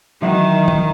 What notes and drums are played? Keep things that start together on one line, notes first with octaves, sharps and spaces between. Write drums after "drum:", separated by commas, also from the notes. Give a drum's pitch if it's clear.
D#3 E3 F#3 E5 F#5
drum: tom E3